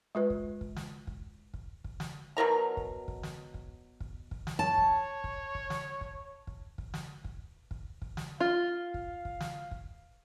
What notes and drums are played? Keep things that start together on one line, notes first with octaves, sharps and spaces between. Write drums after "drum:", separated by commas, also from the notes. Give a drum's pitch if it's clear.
G#3 F4 B4
drum: kick
drum: kick
drum: snare
drum: kick
drum: kick
drum: kick
drum: snare
B2 F#3 A#4 A#5
drum: kick
drum: kick
drum: snare
drum: kick
drum: kick
drum: kick
drum: snare
C#5 A5
drum: kick
drum: kick
drum: kick
drum: snare
drum: kick
drum: kick
drum: kick
drum: snare
drum: kick
drum: kick
drum: kick
drum: snare
F4 F5
drum: kick
drum: kick
drum: snare
drum: kick